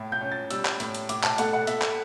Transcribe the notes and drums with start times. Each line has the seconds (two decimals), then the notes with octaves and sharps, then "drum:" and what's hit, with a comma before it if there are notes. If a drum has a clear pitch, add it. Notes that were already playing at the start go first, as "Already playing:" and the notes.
Already playing: A2
0.12 G6
0.21 C#4
0.32 A6
0.51 G3 E6, drum: hi-hat
0.65 drum: clap
0.80 A2, drum: hi-hat
0.94 drum: hi-hat
1.09 A2 D6, drum: hi-hat
1.24 A5, drum: clap
1.38 A3 F#5, drum: hi-hat
1.53 F#5
1.67 A3 E5, drum: hi-hat
1.82 drum: clap